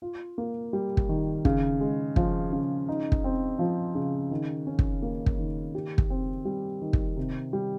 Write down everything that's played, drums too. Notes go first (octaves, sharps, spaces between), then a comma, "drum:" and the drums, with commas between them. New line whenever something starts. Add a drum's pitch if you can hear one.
F4
A#3
G3
drum: kick
D#3
C#3, drum: kick
G#3
F3, drum: kick
C#3
D#4
drum: kick
C4
F3
C#3
D#3
C#4
drum: kick
A#3
drum: kick
D#3
G4
drum: kick
C4
G3
D#3
drum: kick
C3
G3